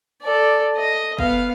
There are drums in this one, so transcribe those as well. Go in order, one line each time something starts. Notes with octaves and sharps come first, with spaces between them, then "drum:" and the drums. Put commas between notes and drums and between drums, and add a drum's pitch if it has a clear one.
A4 D5
D#5
B3 F5, drum: kick F#1